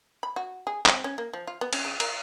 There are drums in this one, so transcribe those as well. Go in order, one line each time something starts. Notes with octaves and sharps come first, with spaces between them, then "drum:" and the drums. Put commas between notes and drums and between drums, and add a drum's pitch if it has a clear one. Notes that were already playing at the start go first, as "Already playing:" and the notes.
B5
F#4
G#4
C4, drum: clap
C#4
A#3
F3
F4
B3
C#4, drum: cymbal
C#3
A#4, drum: cymbal